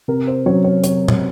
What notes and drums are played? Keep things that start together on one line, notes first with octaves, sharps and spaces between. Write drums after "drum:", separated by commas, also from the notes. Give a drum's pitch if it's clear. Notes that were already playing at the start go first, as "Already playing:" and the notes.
C3 A#4
C5
F#3 C#4 C#5
C#5
C3 C#5, drum: hi-hat
drum: tom